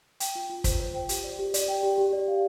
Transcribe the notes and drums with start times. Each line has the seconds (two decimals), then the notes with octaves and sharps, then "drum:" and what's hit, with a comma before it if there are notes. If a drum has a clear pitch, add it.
0.20 G5, drum: hi-hat
0.35 F4
0.50 F4
0.64 C5, drum: kick, hi-hat
0.80 C5
0.94 G5
1.09 G4, drum: hi-hat
1.24 D5
1.39 G4
1.54 D5, drum: hi-hat
1.68 G5
1.83 G4
1.98 G4
2.13 D5
2.28 F5